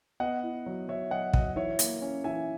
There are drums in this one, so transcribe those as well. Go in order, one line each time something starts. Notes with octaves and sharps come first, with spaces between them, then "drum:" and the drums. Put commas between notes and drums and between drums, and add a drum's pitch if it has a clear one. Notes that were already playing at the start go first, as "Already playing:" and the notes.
B3 D#5 F#5
E4
F#3
F#3 C#5 E5
F#3 D#5 F#5
F#3 D#5 F#5, drum: kick
E3 C#5 E5
A#3, drum: hi-hat
C#4
E3 E5 G#5